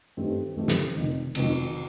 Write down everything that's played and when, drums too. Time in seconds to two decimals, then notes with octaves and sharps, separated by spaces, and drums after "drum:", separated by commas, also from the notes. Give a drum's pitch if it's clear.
0.17 G2 D#3 A3 C4 G4
0.56 G2 D#3 A3 C4 G4
0.68 drum: snare
0.96 F1 F2 D#3
1.35 F1 F2 D#3, drum: cymbal